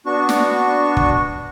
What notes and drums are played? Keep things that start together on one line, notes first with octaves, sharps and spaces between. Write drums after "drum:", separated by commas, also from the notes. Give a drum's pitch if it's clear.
B3 D4 F#4 C#6
drum: snare
drum: kick